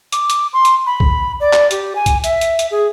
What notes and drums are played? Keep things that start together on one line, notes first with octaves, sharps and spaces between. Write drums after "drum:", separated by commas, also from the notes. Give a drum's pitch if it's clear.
D6, drum: hi-hat
drum: hi-hat
C6
drum: hi-hat
B5
drum: kick B1
D5
drum: clap
G4, drum: hi-hat
G#5
drum: kick B1, hi-hat
E5, drum: hi-hat
drum: hi-hat
drum: hi-hat
G#4